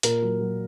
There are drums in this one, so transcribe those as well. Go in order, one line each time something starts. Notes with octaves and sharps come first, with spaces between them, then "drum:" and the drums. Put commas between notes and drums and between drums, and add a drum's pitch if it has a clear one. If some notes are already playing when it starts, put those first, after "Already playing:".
A#2 A#4, drum: hi-hat
F#3
F#3